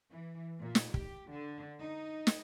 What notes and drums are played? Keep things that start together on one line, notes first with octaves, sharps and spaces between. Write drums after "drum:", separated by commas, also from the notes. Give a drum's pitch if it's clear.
E3
A#2
drum: snare
G4, drum: kick
D3
D#4
drum: snare